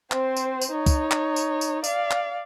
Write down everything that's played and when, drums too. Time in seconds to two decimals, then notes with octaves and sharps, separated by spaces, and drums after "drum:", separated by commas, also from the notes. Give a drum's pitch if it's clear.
0.12 C4 C5, drum: clap
0.37 drum: tambourine
0.61 drum: tambourine
0.71 D#4 C#5
0.86 drum: kick, tambourine
1.11 drum: clap
1.36 drum: tambourine
1.61 drum: tambourine
1.84 D5 F5, drum: tambourine
2.11 drum: clap